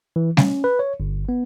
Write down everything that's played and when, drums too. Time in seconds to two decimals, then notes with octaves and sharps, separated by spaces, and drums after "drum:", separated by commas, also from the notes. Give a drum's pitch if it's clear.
0.16 E3
0.37 C#4, drum: snare G3
0.64 B4
0.79 C#5
1.00 G1
1.29 B3